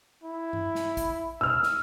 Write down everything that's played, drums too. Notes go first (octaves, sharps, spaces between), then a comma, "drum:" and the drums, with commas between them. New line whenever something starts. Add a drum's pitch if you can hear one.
E4
drum: tom G2
drum: snare
drum: kick, hi-hat
E6 F6, drum: tom B2
drum: snare